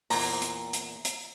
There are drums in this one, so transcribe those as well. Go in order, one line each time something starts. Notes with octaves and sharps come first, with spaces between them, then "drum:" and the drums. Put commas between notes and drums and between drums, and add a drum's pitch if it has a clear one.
E2 A#2 A#5, drum: open hi-hat
drum: hi-hat
drum: hi-hat
drum: hi-hat